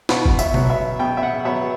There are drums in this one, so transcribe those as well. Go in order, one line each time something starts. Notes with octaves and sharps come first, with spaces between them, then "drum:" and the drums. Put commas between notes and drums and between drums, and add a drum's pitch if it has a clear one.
B2 F#5, drum: snare
drum: kick
E5, drum: tambourine
F#3 B3, drum: tom B2
E5
B2 G5
E5
F#5
F#3 B3 E5